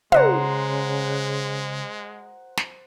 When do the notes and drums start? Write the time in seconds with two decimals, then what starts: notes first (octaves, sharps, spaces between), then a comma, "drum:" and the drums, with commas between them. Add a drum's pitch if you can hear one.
0.12 C#3 G#3 C5 F#5 A#5, drum: tom
2.57 drum: snare